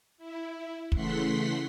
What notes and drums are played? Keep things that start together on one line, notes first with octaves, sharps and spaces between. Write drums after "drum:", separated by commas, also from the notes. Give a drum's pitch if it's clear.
E4
C#3 E3 A3 F#5 C6 B6, drum: kick